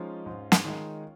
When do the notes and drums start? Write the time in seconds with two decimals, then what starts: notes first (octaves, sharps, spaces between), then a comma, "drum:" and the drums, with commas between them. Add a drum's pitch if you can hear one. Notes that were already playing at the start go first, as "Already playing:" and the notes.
Already playing: F3 G#3 C#4 D#4 F4
0.26 G#2
0.52 drum: snare
0.64 D#3 G#3 D#4